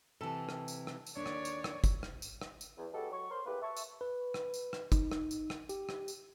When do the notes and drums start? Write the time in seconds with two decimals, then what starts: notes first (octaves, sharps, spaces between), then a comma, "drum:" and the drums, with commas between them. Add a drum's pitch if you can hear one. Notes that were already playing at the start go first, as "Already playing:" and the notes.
0.21 C3 E3 A4
0.49 drum: rim click
0.68 drum: tambourine
0.87 drum: rim click
1.06 drum: tambourine
1.17 D#2 D4 C#5 D5
1.26 drum: rim click
1.45 drum: tambourine
1.64 drum: rim click
1.84 drum: kick, tambourine
2.03 drum: rim click
2.22 drum: tambourine
2.41 drum: rim click
2.61 drum: tambourine
2.77 E2
2.93 C#2 B2 G#3 F#4 G4 A4
3.11 F#3 C#6
3.30 A#4 C5 C#5 C6
3.46 E2 A2 A#3 G4 B4
3.62 E5 A5 C#6
3.76 drum: tambourine
4.01 B4
4.34 drum: rim click
4.54 drum: tambourine
4.73 drum: rim click
4.92 D#4, drum: kick, tambourine
5.12 drum: rim click
5.31 drum: tambourine
5.50 drum: rim click
5.69 G4, drum: tambourine
5.89 drum: rim click
6.08 drum: tambourine